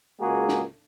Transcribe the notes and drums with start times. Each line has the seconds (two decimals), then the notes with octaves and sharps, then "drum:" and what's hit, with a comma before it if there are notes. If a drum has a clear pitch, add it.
0.20 C#2 G#3 A#3 F#4 G#4
0.49 drum: snare